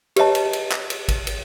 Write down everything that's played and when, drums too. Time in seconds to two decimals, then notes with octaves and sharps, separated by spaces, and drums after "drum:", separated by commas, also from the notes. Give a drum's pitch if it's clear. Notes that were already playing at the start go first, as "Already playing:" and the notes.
0.16 G4 B4 C#5 D#5 A5, drum: cymbal
0.35 drum: cymbal
0.53 drum: cymbal
0.72 drum: clap
0.90 drum: cymbal
1.08 drum: kick, cymbal
1.27 drum: cymbal